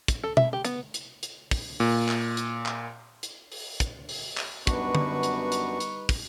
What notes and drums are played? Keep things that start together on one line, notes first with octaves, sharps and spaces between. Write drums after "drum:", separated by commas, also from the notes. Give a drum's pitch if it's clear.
drum: kick, hi-hat
A4
E5, drum: tom B2
G4
B3, drum: hi-hat
drum: hi-hat
drum: hi-hat
drum: kick, open hi-hat
A#2, drum: open hi-hat
drum: clap
drum: hi-hat
drum: clap
drum: hi-hat
drum: open hi-hat
drum: kick, hi-hat
drum: open hi-hat
drum: clap
F#2 G3 B3 D4 D#4 F#4 B4 C#6, drum: kick, hi-hat
drum: tom
drum: hi-hat
drum: hi-hat
drum: hi-hat
drum: kick, open hi-hat